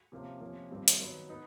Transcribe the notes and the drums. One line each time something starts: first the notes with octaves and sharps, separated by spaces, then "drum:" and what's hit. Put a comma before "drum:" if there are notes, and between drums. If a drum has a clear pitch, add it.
C3 F3 A#3 C#4 F4
F2 C3 F3 A#3 C#4
G2 D#3 G3 C4 F4
drum: hi-hat
D#3 F#3 B3
B3 D#4